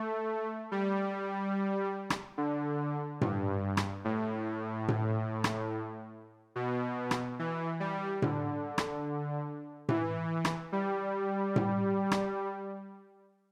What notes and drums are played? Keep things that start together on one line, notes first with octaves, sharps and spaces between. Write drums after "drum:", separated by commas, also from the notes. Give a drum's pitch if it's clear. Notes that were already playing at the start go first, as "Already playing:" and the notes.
Already playing: A3
G3
drum: rim click
D3
G2, drum: tom A2
drum: rim click
A2
drum: tom A2
drum: rim click
B2
drum: rim click
E3
G3
D3, drum: tom A2
drum: rim click
E3, drum: tom A2
drum: rim click
G3
drum: tom A2
drum: rim click